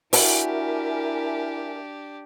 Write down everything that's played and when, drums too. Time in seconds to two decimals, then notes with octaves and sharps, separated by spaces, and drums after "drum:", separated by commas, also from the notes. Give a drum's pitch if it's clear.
0.13 D4 E4 F#4 G4 A#4 E5 G#5, drum: open hi-hat